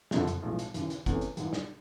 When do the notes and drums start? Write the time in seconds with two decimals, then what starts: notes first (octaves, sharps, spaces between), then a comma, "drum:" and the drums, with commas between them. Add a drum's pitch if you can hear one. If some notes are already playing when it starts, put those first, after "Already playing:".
0.11 F#1 F2 D3 F3, drum: snare
0.27 drum: hi-hat
0.42 B1 A2 F3 G#3
0.59 drum: hi-hat
0.74 D#2 C#3 E3, drum: hi-hat
0.90 drum: hi-hat
1.06 E2 C3 E3 A3 C#4, drum: kick, hi-hat
1.21 drum: hi-hat
1.37 G#1 G#2 E3, drum: hi-hat
1.53 drum: snare